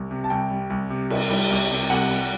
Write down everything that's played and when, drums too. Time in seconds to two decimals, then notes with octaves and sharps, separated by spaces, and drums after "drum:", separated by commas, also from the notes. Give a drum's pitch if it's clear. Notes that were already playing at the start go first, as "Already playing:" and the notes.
Already playing: C2
0.11 C3
0.24 A5
0.30 C2 G5
0.50 G3
0.70 C2
0.90 C3
1.10 C2, drum: cymbal
1.30 G3
1.50 C2
1.71 C3
1.90 C2 F#5
2.10 G3